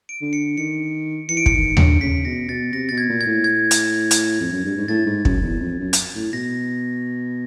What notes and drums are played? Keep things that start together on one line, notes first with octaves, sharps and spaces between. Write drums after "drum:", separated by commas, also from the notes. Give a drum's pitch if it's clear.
D7
D3
C#7
D#3 C#7
E3 C#7
D7
C#7, drum: kick
D#3
D3, drum: tom D#2
C#3 B6
B2 A#6
B2 A6
C3 A#6
B2 A6
G#6
A#2
G#6
A2
G#6
drum: hi-hat
drum: hi-hat
F2
F#2
G2
G#2
A2 A6
G#2
F#2, drum: kick
E2
F2
F#2
drum: hi-hat
A2
B2 A#6